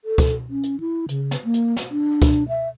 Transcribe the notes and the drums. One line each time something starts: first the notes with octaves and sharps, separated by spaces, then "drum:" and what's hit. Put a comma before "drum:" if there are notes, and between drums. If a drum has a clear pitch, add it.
A4
drum: kick C#2, hi-hat
C#4
drum: hi-hat
E4
C#3, drum: hi-hat
drum: snare
A#3
drum: hi-hat
drum: snare
D4
drum: kick C#2, hi-hat
E5